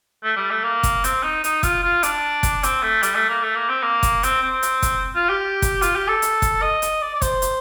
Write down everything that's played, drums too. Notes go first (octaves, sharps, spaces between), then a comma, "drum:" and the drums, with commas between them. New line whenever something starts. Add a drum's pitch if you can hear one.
A3
G3
A3
A#3
drum: kick, hi-hat
C4, drum: hi-hat
D#4
D#4, drum: hi-hat
F4, drum: kick, hi-hat
F4
D4, drum: hi-hat
drum: kick, hi-hat
C4, drum: hi-hat
A3
G3, drum: hi-hat
A3
A#3
A3
A#3
C4
A#3
drum: kick, hi-hat
C4, drum: hi-hat
C4
drum: hi-hat
drum: kick, hi-hat
F4
G4
drum: kick, hi-hat
F4, drum: hi-hat
G4
A4
drum: hi-hat
drum: kick, hi-hat
D#5
drum: hi-hat
D5
D5
C5, drum: kick, hi-hat
drum: hi-hat